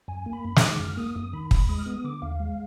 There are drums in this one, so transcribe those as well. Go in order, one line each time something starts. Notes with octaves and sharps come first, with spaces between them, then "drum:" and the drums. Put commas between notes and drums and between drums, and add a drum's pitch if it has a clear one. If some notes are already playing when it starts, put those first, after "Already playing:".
F#2 G#5
A#3
B5
F#2
D6, drum: snare
D#3
F#2 F6
A#3 D#6
F#2 D#6
D#3 B5
D#2 B5, drum: kick
G#3 D#6
F6
B3 D#6
D3 D6
D#2 F5
G#3